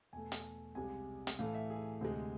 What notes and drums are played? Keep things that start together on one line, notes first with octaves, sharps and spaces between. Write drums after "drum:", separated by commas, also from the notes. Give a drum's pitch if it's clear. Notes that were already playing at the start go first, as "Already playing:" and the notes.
E2 B2 A3 G#5
drum: hi-hat
C2 C3 G#3 G#5
drum: hi-hat
A2 E3 A3 F5
E5
G#4
D2 C3 G#3